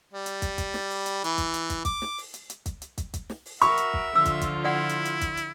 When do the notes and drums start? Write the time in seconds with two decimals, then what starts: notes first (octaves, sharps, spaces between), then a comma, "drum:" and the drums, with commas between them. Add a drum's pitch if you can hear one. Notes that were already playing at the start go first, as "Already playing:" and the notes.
0.13 G3
0.26 drum: hi-hat
0.42 drum: kick, hi-hat
0.58 drum: kick, hi-hat
0.74 drum: snare
0.90 drum: open hi-hat
1.06 drum: hi-hat
1.24 E3, drum: hi-hat
1.38 drum: kick, hi-hat
1.54 drum: hi-hat
1.70 drum: kick, hi-hat
1.85 D6, drum: kick, hi-hat
2.02 drum: snare
2.18 drum: open hi-hat
2.34 drum: hi-hat
2.50 drum: hi-hat
2.66 drum: kick, hi-hat
2.82 drum: hi-hat
2.98 drum: kick, hi-hat
3.14 drum: kick, hi-hat
3.30 drum: snare
3.46 drum: open hi-hat
3.62 F#4 A#4 E5 B5 C#6, drum: hi-hat
3.77 drum: hi-hat
3.93 drum: kick
4.16 D3 F3 F4 E6
4.25 drum: kick, hi-hat
4.41 drum: kick, hi-hat
4.64 E4 D5 F#5
4.89 drum: hi-hat
5.05 drum: hi-hat
5.21 drum: kick, hi-hat
5.37 drum: hi-hat